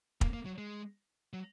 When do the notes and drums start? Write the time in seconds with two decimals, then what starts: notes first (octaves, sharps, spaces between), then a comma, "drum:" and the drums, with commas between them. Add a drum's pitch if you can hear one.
0.21 A#3, drum: kick
0.33 A#3
0.46 F#3
0.58 G#3
1.33 F#3